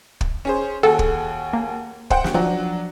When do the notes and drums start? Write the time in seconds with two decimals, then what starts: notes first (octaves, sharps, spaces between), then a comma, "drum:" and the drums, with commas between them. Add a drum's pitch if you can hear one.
0.21 drum: kick
0.45 C#4 G#4 C5
0.83 D#2 F#4 G#4 A4
0.99 drum: kick
1.53 A#3
2.10 C5 F#5 G5, drum: kick
2.24 drum: snare
2.34 F3 F#3 D4 F#4